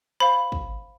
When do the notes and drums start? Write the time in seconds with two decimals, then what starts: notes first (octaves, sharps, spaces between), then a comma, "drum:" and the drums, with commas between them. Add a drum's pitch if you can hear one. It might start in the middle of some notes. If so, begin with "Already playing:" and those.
0.20 C5 F5 B5
0.52 drum: kick